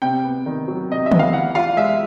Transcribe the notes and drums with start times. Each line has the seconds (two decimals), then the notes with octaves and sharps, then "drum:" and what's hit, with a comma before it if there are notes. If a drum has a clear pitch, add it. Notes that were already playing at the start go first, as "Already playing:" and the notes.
0.02 C3 G5
0.24 B3
0.46 D#3
0.68 F#3
0.90 C3 D#5
1.06 E5
1.11 B3, drum: tom
1.19 F5
1.33 E3 F#5
1.55 F4 F5
1.77 G#3 E5